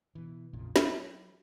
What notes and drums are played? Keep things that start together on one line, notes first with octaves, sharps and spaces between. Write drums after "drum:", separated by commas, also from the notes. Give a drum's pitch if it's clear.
B2 E3
A#1 F2 A#2 C#3
F#3, drum: snare